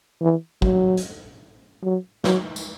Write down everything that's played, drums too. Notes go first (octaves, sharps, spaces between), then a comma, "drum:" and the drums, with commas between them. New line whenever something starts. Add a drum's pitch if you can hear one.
E3
F#3, drum: kick
drum: hi-hat
F#3
F#3, drum: snare
drum: tambourine